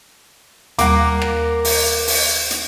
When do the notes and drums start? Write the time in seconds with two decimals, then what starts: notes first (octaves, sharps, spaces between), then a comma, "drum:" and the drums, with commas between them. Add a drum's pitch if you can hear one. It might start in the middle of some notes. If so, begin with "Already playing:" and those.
0.79 D#2 G3 A#3 F#5 D6, drum: hi-hat
1.22 drum: rim click
1.65 drum: open hi-hat
2.08 drum: open hi-hat
2.51 drum: hi-hat